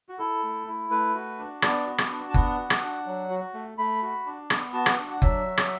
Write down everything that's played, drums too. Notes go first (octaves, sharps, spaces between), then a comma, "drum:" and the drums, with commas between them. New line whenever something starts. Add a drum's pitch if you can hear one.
F#4
E4 A4
A3
E4
A3 B4
F#4
D4
B3 D5, drum: rim click
F#4
drum: rim click
D4
A5
B3 F#5, drum: kick F#1
F#4
drum: rim click
D4
F#3
F#4
A3
A3 B5
F#4
D4
B3, drum: rim click
F#4 A5
F#5, drum: rim click
D4
F#5
F#3 E5, drum: kick F#1
F#4
drum: rim click